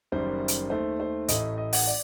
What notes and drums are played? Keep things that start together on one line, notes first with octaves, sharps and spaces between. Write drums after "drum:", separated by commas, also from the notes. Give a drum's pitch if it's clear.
F#1 F#2 D#3 G3 C5
drum: hi-hat
D#2 D#3 A3 C5
C5
A1 A2 A3 D#5, drum: hi-hat
D#5
F#5, drum: open hi-hat
D5